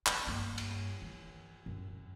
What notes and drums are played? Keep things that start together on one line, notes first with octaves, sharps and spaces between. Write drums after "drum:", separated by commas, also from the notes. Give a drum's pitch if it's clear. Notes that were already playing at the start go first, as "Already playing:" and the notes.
B3 D4, drum: clap
G2 A#3
drum: cymbal
E3
F#2